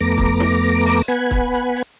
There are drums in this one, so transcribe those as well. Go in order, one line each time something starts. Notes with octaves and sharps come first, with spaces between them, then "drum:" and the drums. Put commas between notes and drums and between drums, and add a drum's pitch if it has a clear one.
F2 A3 B3 A#5 D6
drum: kick, hi-hat
drum: snare
drum: hi-hat
drum: open hi-hat
B3 B4 F#5 G#5, drum: hi-hat
drum: kick, hi-hat
drum: hi-hat
drum: hi-hat